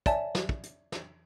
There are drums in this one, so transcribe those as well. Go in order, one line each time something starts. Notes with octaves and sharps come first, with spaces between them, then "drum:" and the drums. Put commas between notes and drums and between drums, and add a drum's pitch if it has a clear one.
C#5 D5 E5 G#5 A5, drum: kick, hi-hat
drum: snare
drum: kick
drum: hi-hat
drum: snare